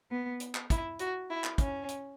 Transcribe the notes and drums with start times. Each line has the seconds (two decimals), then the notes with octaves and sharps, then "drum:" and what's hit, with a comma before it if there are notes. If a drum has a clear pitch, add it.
0.11 B3
0.40 drum: hi-hat
0.55 drum: clap
0.70 E4, drum: kick, hi-hat
0.99 F#4, drum: hi-hat
1.29 E4
1.44 drum: clap
1.58 C#4, drum: kick, hi-hat
1.89 drum: hi-hat